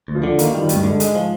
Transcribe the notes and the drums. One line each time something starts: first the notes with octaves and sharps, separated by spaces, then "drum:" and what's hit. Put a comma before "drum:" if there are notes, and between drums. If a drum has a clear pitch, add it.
D2
F3
D3
D#3 A#3, drum: hi-hat
F3 G3
D#3
D2 G2, drum: hi-hat
G#2 D3
G#3, drum: hi-hat
F3